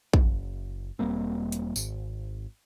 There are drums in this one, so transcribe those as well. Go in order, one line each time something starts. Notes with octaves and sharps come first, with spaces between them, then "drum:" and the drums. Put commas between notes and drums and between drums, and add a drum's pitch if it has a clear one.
F#1, drum: kick
E1 G3 A#3 C4
drum: hi-hat
G#1, drum: tambourine